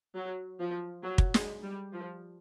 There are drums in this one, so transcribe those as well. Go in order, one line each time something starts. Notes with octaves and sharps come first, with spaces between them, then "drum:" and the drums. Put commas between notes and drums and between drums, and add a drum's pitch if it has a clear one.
F#3
F3
F#3
drum: kick
G#3, drum: snare
G3
F3